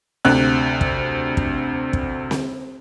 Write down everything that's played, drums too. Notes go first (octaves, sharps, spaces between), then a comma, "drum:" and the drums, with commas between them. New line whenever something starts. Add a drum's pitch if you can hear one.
D2 C3 F#6
drum: kick
drum: kick
drum: kick
drum: snare C4